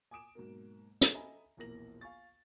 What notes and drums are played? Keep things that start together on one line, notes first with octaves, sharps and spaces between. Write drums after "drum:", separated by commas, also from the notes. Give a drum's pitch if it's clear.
G#5 D6 D#6 D7 E7
G#2 B2 F#3 A#3
drum: hi-hat
A4 D#5 E5 G#5 A#5 B5
E1 A#1 E3 A#3 A#6 F#7
F5 G#5 C#6 A6